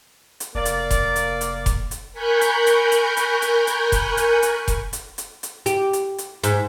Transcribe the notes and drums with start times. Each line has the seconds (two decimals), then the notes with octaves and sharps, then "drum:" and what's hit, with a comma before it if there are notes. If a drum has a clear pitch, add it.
0.40 drum: hi-hat
0.55 F1 A#3 D5
0.65 drum: hi-hat
0.91 drum: kick F1, hi-hat
1.16 drum: hi-hat
1.41 drum: hi-hat
1.66 drum: kick F1, hi-hat
1.91 drum: hi-hat
2.13 A#4 G#5 B5 C#6 F#6 G6
2.41 drum: hi-hat
2.66 drum: hi-hat
2.92 drum: hi-hat
3.17 drum: hi-hat
3.42 drum: hi-hat
3.67 drum: hi-hat
3.92 drum: kick F1, hi-hat
4.17 drum: hi-hat
4.42 drum: hi-hat
4.68 drum: kick F1, hi-hat
4.93 drum: hi-hat
5.18 drum: hi-hat
5.43 drum: hi-hat
5.66 G4, drum: hi-hat
5.93 drum: hi-hat
6.18 drum: hi-hat
6.44 G#2, drum: hi-hat